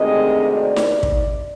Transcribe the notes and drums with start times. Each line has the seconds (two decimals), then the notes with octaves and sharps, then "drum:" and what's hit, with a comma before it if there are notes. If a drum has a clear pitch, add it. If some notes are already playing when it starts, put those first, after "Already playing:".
Already playing: D2 C3 D#3 G#3 C4 D#5
0.51 D5
0.76 drum: snare D#4
1.03 drum: kick